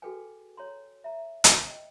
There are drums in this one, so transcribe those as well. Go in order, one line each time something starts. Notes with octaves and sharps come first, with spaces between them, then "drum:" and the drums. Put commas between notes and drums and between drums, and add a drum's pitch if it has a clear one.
F#4 G#4 A4 B4 G5 G#5
C#5 A#5 C6
E5 A#5
drum: hi-hat
D#5 G5